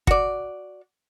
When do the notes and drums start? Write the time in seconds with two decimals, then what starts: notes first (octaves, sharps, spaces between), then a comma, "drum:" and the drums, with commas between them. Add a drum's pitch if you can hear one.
0.07 F#4 D5, drum: kick